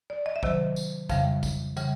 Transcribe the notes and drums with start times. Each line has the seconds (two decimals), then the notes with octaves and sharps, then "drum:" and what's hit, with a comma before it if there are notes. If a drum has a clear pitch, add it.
0.10 D5
0.26 D#5
0.36 E5
0.43 C3 D#3 F#3 D#5, drum: kick
0.76 drum: tambourine
1.09 F2 C#3 E3 G3 F5, drum: kick, tambourine
1.43 drum: kick, tambourine
1.77 C#3 E3 G3, drum: tambourine